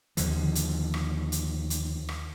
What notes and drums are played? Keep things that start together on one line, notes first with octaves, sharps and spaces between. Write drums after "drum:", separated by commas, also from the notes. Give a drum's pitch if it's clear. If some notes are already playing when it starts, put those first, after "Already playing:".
D#2 D3 F3, drum: hi-hat
drum: hi-hat
drum: rim click
drum: hi-hat
drum: hi-hat
drum: rim click